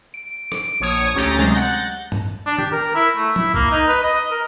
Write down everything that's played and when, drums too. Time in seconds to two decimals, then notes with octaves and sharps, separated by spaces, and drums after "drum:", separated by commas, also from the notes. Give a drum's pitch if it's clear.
0.14 D7
0.52 drum: rim click
0.80 A#1 C#5 D#6 G#6
1.15 D2 C#4 G4 A#5 G6 A6
1.39 C3 F#3 G#3 C4, drum: snare
1.54 F#5 F#6 G6 A6 A#6
2.12 drum: tom G2
2.47 D4
2.58 G4, drum: tom
2.72 A#4
2.95 E4
3.17 A3
3.36 E4, drum: tom
3.54 A#3, drum: kick B1
3.71 D#4
3.88 B4
4.04 D#5
4.31 A#4